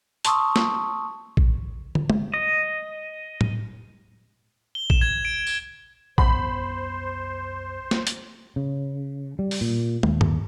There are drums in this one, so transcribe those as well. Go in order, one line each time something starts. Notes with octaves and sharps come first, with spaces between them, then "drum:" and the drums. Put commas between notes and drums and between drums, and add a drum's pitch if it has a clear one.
A5 C6 C#6 D#6 E6, drum: hi-hat
drum: snare
drum: kick
drum: tom
drum: tom
D#5
drum: tom
G7
E7, drum: kick
G#6
D7
drum: tambourine
C2 F#2 B3 C5 B5, drum: kick
drum: snare
drum: hi-hat
C#3
G3
drum: open hi-hat
A#2
D#2, drum: tom
drum: tom